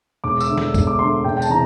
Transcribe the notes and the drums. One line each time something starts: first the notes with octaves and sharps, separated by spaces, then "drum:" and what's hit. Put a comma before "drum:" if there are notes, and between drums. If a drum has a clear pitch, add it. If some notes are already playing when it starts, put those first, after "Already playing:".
E1 D6
E6, drum: tambourine
D2 D3
E6, drum: snare
E1, drum: kick C#2, tambourine
D6
D2 D3 C6
E1 G5
G5
A5, drum: tambourine
C3 E3 A#5